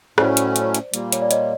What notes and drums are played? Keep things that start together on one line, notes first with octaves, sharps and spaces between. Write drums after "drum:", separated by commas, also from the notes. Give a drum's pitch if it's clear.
A2 F#3 A3 C#4 C5 D5, drum: rim click
drum: hi-hat
drum: hi-hat
drum: hi-hat
A#2 G3 A#3, drum: hi-hat
C#5, drum: hi-hat
D5
C#5 D#5, drum: hi-hat